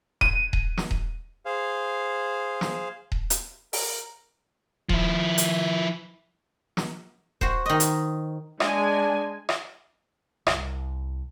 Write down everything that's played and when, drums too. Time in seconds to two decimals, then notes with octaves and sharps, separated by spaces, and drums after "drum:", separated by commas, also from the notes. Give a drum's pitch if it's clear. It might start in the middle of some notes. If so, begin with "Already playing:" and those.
0.21 D#7, drum: kick D#1
0.53 drum: kick D#1
0.78 drum: snare
0.91 drum: kick D#1
1.46 G#4 C5 F5
2.61 drum: snare
3.12 drum: kick D#1
3.30 drum: hi-hat
3.73 A#4, drum: open hi-hat
4.89 F3 E4, drum: kick D#1
5.38 drum: hi-hat
6.77 drum: snare
7.41 F#4 C5, drum: kick D#1
7.66 D#3 D#5
7.80 drum: hi-hat
8.60 G#3 D4 G#5, drum: rim click
9.49 drum: rim click
10.47 C2, drum: rim click